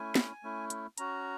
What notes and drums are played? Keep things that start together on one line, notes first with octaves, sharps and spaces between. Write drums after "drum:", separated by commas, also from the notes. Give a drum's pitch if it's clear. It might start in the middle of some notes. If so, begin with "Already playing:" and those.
Already playing: A3 C#4 E4 G#5
drum: snare
A3 C#4 E4
drum: hi-hat
C#4 F#4 A#5, drum: hi-hat